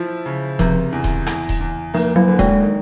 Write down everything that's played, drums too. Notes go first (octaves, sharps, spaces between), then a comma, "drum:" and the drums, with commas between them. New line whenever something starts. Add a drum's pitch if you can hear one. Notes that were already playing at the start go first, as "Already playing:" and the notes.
Already playing: F3 E4
C#3
C3 F3, drum: kick D#1, hi-hat
E2
drum: kick D#1, hi-hat
E2, drum: rim click
drum: kick D#1, open hi-hat
E2
F3 A#3, drum: open hi-hat
F#3
D3
G#3, drum: kick D#1, hi-hat
D#3